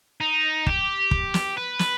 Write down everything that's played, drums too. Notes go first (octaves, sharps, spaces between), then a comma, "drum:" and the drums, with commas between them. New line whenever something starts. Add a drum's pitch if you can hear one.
D#4
G4, drum: kick
drum: kick
drum: snare
B4
drum: snare